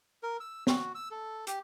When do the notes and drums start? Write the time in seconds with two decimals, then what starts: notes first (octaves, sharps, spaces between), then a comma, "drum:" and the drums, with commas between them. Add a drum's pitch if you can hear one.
0.23 A#4
0.40 E6
0.67 F#4, drum: snare
0.95 E6
1.11 A4
1.47 G4, drum: hi-hat